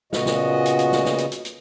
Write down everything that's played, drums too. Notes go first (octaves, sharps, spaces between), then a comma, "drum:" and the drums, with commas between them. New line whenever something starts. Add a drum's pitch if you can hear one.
A#2 C#3 B3 F#4 D#5, drum: snare
drum: snare
drum: hi-hat
drum: hi-hat
drum: snare
drum: snare
drum: hi-hat
drum: hi-hat
drum: hi-hat